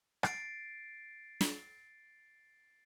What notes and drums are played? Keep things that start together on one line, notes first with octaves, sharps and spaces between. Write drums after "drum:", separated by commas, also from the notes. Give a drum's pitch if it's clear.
A6 C7 D7, drum: rim click
drum: snare